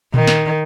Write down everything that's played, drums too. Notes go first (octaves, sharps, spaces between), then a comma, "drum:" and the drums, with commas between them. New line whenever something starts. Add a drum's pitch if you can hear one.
D#3, drum: tom A#2
drum: snare